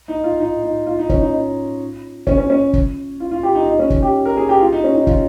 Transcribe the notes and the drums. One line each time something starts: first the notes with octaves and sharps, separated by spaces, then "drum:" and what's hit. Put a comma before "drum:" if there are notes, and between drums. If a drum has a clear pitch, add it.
D#4
F4
D#4
D#4
F4
D#4
C#4, drum: kick
D#4
D#4
C#4, drum: kick
C#4
C#4
drum: kick
F4
F4
G4
D#4
D#4
C#4
drum: kick
G4
A#4
G#4
G4
F4
D#4
C#4
D#4
F4, drum: kick